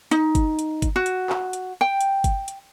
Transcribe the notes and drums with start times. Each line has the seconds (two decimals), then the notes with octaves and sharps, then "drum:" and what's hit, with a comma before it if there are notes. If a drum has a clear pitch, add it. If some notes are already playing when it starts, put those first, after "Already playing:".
0.11 D#4, drum: hi-hat
0.35 drum: kick G1, hi-hat
0.59 drum: hi-hat
0.82 drum: kick G1, hi-hat
0.96 F#4
1.06 drum: hi-hat
1.30 drum: clap
1.53 drum: hi-hat
1.81 G5
2.01 drum: hi-hat
2.24 drum: kick G1, hi-hat
2.48 drum: hi-hat